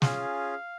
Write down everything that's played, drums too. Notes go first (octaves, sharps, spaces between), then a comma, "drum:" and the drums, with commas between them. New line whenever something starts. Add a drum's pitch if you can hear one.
C#4 F4 G#4 F5, drum: snare